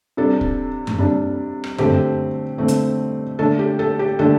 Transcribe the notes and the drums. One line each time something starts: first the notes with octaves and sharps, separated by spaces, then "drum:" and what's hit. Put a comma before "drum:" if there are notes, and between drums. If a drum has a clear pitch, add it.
C3 G3 D4 A4
drum: kick
drum: tom F#2
C3 G3 D4
drum: rim click
D3 A3 C4 G4, drum: tom F#2
D3 A3 C4
drum: hi-hat
D3 A3 D4 A4
G4
A4
G4
D3 A3 D4 A4